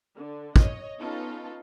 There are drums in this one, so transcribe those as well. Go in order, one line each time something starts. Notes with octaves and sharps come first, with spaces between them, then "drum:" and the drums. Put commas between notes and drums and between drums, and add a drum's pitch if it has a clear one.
D3
C#5 D#5, drum: kick
B3 C#4 D#4 F4 A4 B4